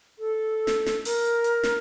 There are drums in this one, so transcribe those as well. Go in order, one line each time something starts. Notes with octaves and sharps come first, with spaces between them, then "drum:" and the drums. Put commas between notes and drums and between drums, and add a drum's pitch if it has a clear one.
A4
drum: snare
drum: snare
A#4, drum: open hi-hat
drum: hi-hat
drum: snare